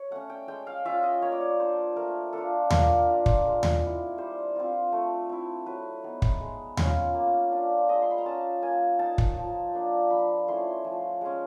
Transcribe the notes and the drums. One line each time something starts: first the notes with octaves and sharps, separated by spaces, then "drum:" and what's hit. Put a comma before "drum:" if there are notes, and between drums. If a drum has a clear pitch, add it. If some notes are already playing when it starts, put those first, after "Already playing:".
Already playing: C#5
A3 C#4 F#5
G5
G#3 G5
F5
C#4 F4 E5
D#5
A#3 C#5
D5
C#5
D4 F4 C5
A3 A#4
D4 F4 A4
A#3 A#4, drum: tom D#2
D4 F4
drum: kick
G#3
drum: tom D#2
C4 E4
G3 C5
C4 F4
A3
C4 E4
F#3 B4
B3 D#4
drum: kick
G#3
C#4 F4, drum: tom D#2
A#3
D4 F4
G#3 D#5
C6
B5
A#5
C#4 F4 A5
A#3 G#5
D#4 A5
drum: kick
F3
A#3 D4
F3 B5
A3 C#4 E4 C6
F3
G#3 C#4